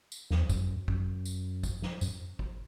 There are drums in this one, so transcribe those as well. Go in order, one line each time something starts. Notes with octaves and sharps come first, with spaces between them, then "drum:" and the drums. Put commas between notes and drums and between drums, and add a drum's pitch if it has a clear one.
drum: tambourine
E2, drum: snare
F#2, drum: kick G#1, tambourine
F#2, drum: kick G#1
drum: tambourine
drum: kick G#1, tambourine
drum: snare
F#2, drum: tambourine
drum: kick G#1